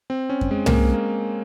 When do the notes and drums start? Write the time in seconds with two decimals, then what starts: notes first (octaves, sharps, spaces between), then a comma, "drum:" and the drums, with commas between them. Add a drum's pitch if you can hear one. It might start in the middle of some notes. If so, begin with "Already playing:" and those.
0.10 C4
0.30 C#4
0.41 drum: kick F#2
0.51 G#3
0.66 A#3, drum: tom C2
0.72 G#3
0.93 A#3